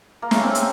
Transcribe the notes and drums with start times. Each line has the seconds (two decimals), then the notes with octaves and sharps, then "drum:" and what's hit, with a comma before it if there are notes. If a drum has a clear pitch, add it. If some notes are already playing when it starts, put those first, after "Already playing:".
0.22 A#3
0.31 C#3 A3, drum: snare
0.43 C4
0.48 A3
0.55 A#3, drum: hi-hat